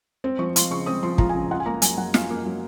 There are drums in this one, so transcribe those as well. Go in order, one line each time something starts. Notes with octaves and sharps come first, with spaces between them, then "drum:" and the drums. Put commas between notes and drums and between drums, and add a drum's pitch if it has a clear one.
C4
F3 C#6
F4 C6, drum: hi-hat
C#3 C#6
C4 D#6
F3 C6
F4 A#5, drum: kick
G#5
C#3
F4 F#5
G#5
A#3 A#5
F#3 G#5, drum: hi-hat
F#3 F#5
F4 F5, drum: snare
A#3
F#3